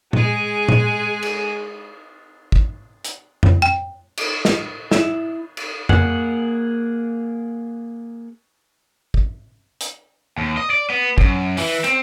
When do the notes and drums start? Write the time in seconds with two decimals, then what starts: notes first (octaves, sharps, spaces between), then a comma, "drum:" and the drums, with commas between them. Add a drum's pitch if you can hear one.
0.13 G#3 G#4, drum: tom A#2
0.69 drum: tom A#2
1.22 drum: cymbal
2.52 drum: kick
3.05 drum: hi-hat
3.43 drum: tom F2
3.62 G5
4.17 drum: cymbal
4.45 drum: snare
4.91 E4, drum: snare
5.57 drum: cymbal
5.89 A#3 G#4 F#5, drum: tom F2
9.14 drum: kick
9.81 drum: hi-hat
10.38 D#2
10.57 D#5
10.70 D5
10.90 B3
11.18 F#2, drum: kick
11.57 E3, drum: open hi-hat
11.84 C4, drum: hi-hat